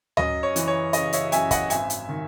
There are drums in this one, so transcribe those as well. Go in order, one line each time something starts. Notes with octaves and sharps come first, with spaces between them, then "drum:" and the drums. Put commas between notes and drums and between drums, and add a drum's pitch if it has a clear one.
F#2 D#5, drum: tom D2
C#5
E3, drum: hi-hat
C#5
C#3 D#5, drum: hi-hat
C#5 E5, drum: hi-hat
F#2 E5 G#5, drum: hi-hat
D#5 F#5, drum: kick, hi-hat
G#1 E5 G#5, drum: hi-hat
drum: hi-hat
D#3